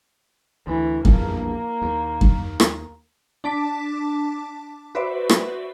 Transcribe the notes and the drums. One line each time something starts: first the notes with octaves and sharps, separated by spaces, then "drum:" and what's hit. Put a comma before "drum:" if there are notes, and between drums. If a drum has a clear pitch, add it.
D2 E3
A#1 E2 G2 A#3, drum: kick F#2
D#2
drum: kick F#2
drum: rim click
D4 A5 D6 B6
F#4 B4 C5 D5 E5
drum: rim click